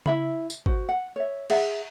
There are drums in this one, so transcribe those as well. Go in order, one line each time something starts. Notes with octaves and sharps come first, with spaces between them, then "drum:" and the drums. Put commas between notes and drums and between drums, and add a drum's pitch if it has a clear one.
E4 E5 B5, drum: tom C#3
drum: tambourine
F#4 C5, drum: kick G#1
F#5
C#5 E5
G#4 E5 F#5, drum: cymbal